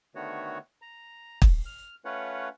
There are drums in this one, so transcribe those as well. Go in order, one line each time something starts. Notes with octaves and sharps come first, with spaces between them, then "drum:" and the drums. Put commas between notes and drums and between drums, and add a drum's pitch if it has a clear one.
D3 D#3 A3 B3 F#4 C#5
A#5
drum: kick
F6
A3 C#4 F4 B4 C#5 F#5